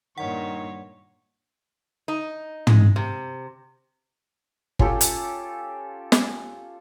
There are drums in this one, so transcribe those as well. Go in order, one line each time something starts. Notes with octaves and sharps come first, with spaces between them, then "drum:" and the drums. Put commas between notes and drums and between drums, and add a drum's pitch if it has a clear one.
G2 A#2 D#3 C#5 F#5
D#4
G#3, drum: tom
C3
C#4 F4 G4 A4, drum: kick G1
drum: hi-hat
drum: snare